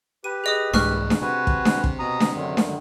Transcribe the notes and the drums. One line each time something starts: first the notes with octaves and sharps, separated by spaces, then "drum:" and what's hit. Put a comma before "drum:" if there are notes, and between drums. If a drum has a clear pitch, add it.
G4 B4 D#7
G#4 D#5 D#6
C2 G#2 E3 C#6 F6 F#6, drum: snare D4
drum: snare D4
C3 F#4 B4 G#5
drum: kick
drum: snare D4
drum: kick
B2 A#5 D#6
drum: snare D4
F#2 D3 D#3
drum: snare D4